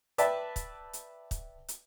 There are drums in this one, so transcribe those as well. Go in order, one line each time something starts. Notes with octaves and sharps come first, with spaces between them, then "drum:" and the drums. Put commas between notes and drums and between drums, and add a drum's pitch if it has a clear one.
B4 D5 E5 G5 A5, drum: hi-hat
drum: kick, hi-hat
drum: hi-hat
drum: kick, hi-hat
drum: hi-hat